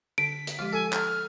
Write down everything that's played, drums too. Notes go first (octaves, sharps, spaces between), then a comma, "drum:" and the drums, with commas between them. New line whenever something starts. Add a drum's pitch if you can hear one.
D3 B6 D7
drum: hi-hat
F3 G#3 F4 G4
A4 G#5
A5 A#5 F6, drum: clap